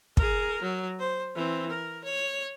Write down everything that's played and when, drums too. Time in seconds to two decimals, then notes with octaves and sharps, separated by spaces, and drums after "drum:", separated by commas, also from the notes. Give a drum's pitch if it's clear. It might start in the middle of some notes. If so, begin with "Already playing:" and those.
0.17 G#4 A#4, drum: kick
0.62 F#3
1.00 C5
1.35 E3 C4
1.70 A#4
2.04 C#5